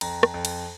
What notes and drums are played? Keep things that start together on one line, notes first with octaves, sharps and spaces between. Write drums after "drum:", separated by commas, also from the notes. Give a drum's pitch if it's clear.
F2 A#5, drum: cymbal
drum: rim click
F2
drum: cymbal